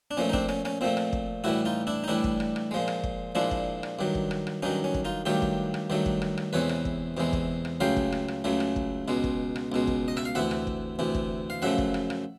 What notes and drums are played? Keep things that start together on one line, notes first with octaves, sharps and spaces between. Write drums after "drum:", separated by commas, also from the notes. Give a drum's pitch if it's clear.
D4
A#2 F3 A3 C#4
D#4
C4 D4, drum: kick
C#4, drum: rim click
C#4, drum: rim click
A#2 F3 A3 C4
drum: rim click
drum: kick
A2 E3 G3 E4 F#4
D#4 F4
D4 E4
D#4
A2 E3 G3 D4 E4
drum: kick
drum: rim click
drum: rim click
A#2 F3 G#3
drum: rim click
drum: kick
A#2 F3 G#3 D4 E4
drum: kick
drum: rim click
G2 D#3 F#3
drum: kick
drum: rim click
drum: rim click
G2 D#3 F#3 C#4 D#4
C#4
drum: kick
D#4 F4
G2 D#3 F#3 A3 F4 G4
drum: kick
drum: rim click
G2 D#3 F#3 A3
drum: kick
drum: rim click
drum: rim click
E2 C3 E3 G#3 B4 C#5
drum: rim click
drum: kick
E2 C3 E3 G#3
drum: kick
drum: rim click
C#2 C#3 F#3 A3 F5 G5
drum: kick
drum: rim click
drum: rim click
C#2 C#3 F#3 A3
drum: rim click
drum: kick
C#2 B2 G#3
drum: kick
drum: rim click
C#2 B2 G#3
drum: kick
D#5
E5, drum: rim click
F5
D2 C3 E3 E5 F#5
drum: rim click
drum: kick
D2 C3 E3
drum: kick
F5
F#2 C#3 F3 A3 E5 F#5
drum: kick
drum: rim click
drum: rim click